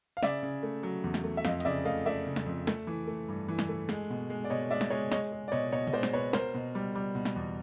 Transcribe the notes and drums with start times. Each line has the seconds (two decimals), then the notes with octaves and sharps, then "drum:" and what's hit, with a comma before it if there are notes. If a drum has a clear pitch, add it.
0.17 F5
0.23 C#3 D5 E5, drum: snare
0.43 C#3
0.63 A3
0.83 F#3
1.04 E2
1.14 drum: snare
1.24 A3
1.37 E5
1.45 F2 D#5 F5, drum: snare
1.60 D#5, drum: hi-hat
1.65 C#3 D5 E5
1.85 A3 D#5 F5
2.06 A3 D5 E5
2.26 C#3
2.36 drum: snare
2.46 F2
2.67 A3, drum: snare
2.87 E3
3.07 A3
3.28 G2
3.48 E3
3.59 drum: snare
3.69 A3
3.89 G#3, drum: snare
4.10 B2
4.30 G#3
4.44 D5
4.50 B2 C#5 D#5
4.70 G#3 D5 E5
4.81 drum: snare
4.90 G#3 C#5 D#5
5.11 G#3 C#5 D#5, drum: snare
5.32 G#3
5.48 D5
5.52 B2 C#5 D#5
5.72 B2 C#5 D#5
5.87 D#5, drum: tom
5.92 G#3 C5 D5
6.03 drum: snare
6.13 B2 B4 C#5
6.33 B2 A#4 C5, drum: snare
6.54 B2
6.75 G3
6.95 G3
7.15 B2
7.25 drum: snare
7.36 E2